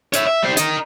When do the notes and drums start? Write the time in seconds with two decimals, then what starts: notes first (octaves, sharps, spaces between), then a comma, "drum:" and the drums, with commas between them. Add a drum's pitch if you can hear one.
0.13 C#5 E5, drum: hi-hat
0.27 E5
0.43 G3 C5
0.57 A#4 D#5, drum: hi-hat